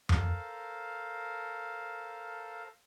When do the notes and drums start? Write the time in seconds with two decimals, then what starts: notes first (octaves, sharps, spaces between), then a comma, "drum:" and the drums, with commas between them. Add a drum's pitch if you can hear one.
0.09 A4 A#4 C5 F5, drum: tom F2